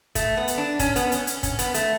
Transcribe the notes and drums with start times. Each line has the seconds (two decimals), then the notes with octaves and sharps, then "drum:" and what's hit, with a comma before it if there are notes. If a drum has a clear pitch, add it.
0.15 A3, drum: kick, hi-hat
0.37 B3
0.48 drum: hi-hat
0.58 D4
0.79 C#4, drum: kick, hi-hat
0.96 B3, drum: hi-hat
1.12 C#4, drum: hi-hat
1.27 C#4, drum: hi-hat
1.43 C#4, drum: kick, hi-hat
1.59 B3, drum: hi-hat
1.74 A3, drum: hi-hat